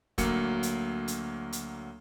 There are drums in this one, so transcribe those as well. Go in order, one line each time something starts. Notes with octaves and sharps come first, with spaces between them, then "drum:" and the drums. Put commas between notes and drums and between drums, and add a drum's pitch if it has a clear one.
D2 F#3 A#3 C#7, drum: kick, hi-hat
drum: hi-hat
drum: hi-hat
drum: hi-hat